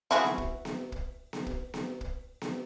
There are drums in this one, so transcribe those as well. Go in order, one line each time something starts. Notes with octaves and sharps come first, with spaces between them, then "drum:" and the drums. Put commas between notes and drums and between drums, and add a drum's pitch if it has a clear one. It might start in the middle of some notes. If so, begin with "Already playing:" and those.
E4 F#4 G#4
drum: snare B3
drum: kick
drum: snare B3
drum: kick
drum: snare B3
drum: kick
drum: snare B3
drum: kick
drum: snare B3